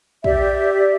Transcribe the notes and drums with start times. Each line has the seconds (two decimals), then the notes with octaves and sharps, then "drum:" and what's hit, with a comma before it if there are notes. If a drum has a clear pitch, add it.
0.24 G4 D5 E5, drum: kick